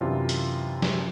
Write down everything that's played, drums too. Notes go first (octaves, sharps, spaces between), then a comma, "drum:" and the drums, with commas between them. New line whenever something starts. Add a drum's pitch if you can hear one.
F#2 C3 E3 D4 F4
drum: hi-hat
drum: snare